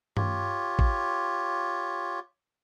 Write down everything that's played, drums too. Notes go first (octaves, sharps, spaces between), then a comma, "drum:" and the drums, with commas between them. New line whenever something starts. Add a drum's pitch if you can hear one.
F4 G4 C#5, drum: tom G2
drum: kick